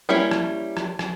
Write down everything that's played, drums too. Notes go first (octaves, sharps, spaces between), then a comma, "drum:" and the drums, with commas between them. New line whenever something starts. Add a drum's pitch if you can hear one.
G3 A#3 C#4 E4 C#5
drum: rim click
drum: rim click
drum: rim click